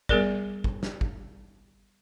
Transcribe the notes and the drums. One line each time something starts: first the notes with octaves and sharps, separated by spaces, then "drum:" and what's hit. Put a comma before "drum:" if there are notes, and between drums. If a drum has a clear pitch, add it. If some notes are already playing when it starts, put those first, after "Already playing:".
G3 B3 G#4 A#4 D5, drum: kick
drum: kick
drum: snare
drum: kick